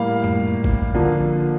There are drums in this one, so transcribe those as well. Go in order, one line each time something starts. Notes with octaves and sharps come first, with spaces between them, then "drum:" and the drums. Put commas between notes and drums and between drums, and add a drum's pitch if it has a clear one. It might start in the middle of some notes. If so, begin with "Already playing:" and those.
Already playing: A2 G3 A#3 F5
drum: tom F2
drum: kick G1
D3 F3 A#3